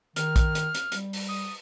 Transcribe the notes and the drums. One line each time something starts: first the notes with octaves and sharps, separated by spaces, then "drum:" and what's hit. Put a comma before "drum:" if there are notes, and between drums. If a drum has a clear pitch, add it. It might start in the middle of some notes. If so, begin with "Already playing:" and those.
D#3 F6, drum: hi-hat
drum: kick A#1, hi-hat
drum: hi-hat
drum: hi-hat
G3, drum: hi-hat
drum: open hi-hat
D#6